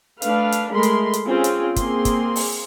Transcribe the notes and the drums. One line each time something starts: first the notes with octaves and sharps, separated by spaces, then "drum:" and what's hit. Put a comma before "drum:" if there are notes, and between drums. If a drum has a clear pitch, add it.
A3 D4 B4 F5, drum: hi-hat
drum: hi-hat
G#3 A3 A#4 B5 C6
drum: hi-hat
drum: hi-hat
C4 C#4 F4 G#4
drum: hi-hat
A#3 C4 G#4 C6, drum: kick, hi-hat
drum: kick, hi-hat
drum: open hi-hat